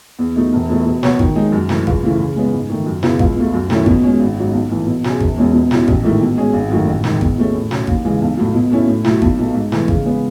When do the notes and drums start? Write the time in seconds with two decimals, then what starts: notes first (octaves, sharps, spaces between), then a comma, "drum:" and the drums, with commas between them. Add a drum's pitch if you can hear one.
0.19 E2
0.36 B2 F#3 A3 D#4
0.53 E1
0.69 E2 B2 A3
0.86 B2
1.03 F#3 B3 F#4 C#5, drum: snare
1.19 D#3, drum: kick G#1
1.35 G#3 D#4
1.52 F#2
1.69 E3 A3, drum: snare
1.87 C#2, drum: kick G#1
2.03 C#3 E3 A3 E4
2.19 C#3
2.36 G#3 B3
2.53 G#2
2.70 D#3 A3
2.86 F#2
3.03 C#3 F#3 B3 E4, drum: snare
3.19 C#2, drum: kick G#1
3.36 B2 A3
3.53 F#2
3.70 D#3 A3 C#4 E4, drum: snare
3.86 B2, drum: kick G#1
4.04 G#3 C#4
4.20 G#1
4.37 G#2 F#3 C#4
4.53 B1
4.70 A2 E3
4.86 B2
5.04 F#3 C#4 G#4, drum: snare
5.20 E1, drum: kick G#1
5.37 E2 B2 G#3 C#4
5.53 B2
5.71 F#3 C#4 E4, drum: snare
5.88 A1, drum: kick G#1
6.03 G#2 D#3 A3 E4
6.21 B2
6.37 G#3 C#4 G#4
6.53 G#1
6.70 F#2 D#3 F#3 A3
6.87 A1
7.04 G#2 D#3, drum: snare
7.21 E2, drum: kick G#1
7.38 B2 A3 C#4 G#4
7.54 A2
7.71 F#3 C#4, drum: snare
7.87 D#2, drum: kick G#1
8.05 C#3 E3 G#3
8.22 B1
8.37 A2 F#3
8.55 B2
8.71 A3 C#4 E4
8.88 A2
9.04 F#3 A3 E4, drum: snare
9.22 B1, drum: kick G#1
9.39 B2 A3
9.54 G#2
9.72 E3 A3, drum: snare
9.88 C#3, drum: kick G#1
10.05 G#3 B3